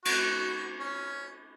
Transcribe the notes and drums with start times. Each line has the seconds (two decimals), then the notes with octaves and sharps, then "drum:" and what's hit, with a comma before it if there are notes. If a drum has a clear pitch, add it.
0.05 F#4, drum: cymbal
0.80 C#4